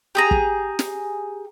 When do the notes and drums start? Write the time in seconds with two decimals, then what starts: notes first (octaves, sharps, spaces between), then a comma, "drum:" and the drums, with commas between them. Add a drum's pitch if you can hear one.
0.15 G4 G#4 A#5
0.31 drum: kick
0.79 drum: snare